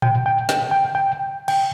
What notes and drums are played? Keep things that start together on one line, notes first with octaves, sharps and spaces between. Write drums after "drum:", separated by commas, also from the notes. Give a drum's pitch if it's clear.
G5, drum: tom A2
G5
G5, drum: snare
G5
G5
G5, drum: cymbal